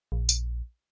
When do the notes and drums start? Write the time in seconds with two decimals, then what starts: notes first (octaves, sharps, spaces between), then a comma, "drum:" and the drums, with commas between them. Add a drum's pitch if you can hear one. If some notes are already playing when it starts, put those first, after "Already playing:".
0.12 A#1
0.29 drum: tambourine